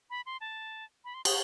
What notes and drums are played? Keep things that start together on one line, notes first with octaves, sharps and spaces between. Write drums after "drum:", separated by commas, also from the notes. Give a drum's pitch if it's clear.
B5
C6
A5
B5
C6
D#6, drum: cymbal